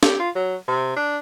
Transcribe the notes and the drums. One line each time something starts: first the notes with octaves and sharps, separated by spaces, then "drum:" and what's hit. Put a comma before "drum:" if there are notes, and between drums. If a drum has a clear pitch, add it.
G4, drum: snare
F4
F#3
C3
D4